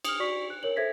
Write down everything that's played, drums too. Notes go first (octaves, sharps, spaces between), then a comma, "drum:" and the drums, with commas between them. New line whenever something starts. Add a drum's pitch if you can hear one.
D#6 F6, drum: cymbal
F#4 D5 C#6 B6
F#6
A#4 C#5 F#7
A4 C5 E5 G#6 A#6 B6